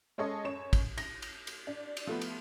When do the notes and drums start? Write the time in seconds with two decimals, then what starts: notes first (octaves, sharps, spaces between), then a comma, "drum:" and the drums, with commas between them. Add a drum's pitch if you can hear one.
0.18 G#3 C#4 G#4 A4 C#5 D#5
0.44 F#2 C#5 E7
0.73 drum: kick, cymbal
0.98 A#6, drum: cymbal
1.22 drum: cymbal
1.47 drum: cymbal
1.67 D4
1.97 drum: cymbal
2.07 F3 A3 B3
2.21 drum: cymbal